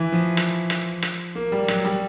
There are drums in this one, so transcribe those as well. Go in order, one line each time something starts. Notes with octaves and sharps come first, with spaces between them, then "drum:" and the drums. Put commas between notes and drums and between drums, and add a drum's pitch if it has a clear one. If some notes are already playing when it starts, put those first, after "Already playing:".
Already playing: E3
F3
drum: rim click
drum: rim click
drum: rim click
A#3
G3
F#3, drum: rim click
G3